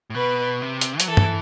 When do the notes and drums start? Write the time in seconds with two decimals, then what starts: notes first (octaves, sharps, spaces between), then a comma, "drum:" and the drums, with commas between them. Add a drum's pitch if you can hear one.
0.10 A2
0.15 B2 B4
0.62 C3
0.81 drum: hi-hat
1.00 F#3, drum: hi-hat
1.08 E3 A4
1.17 drum: tom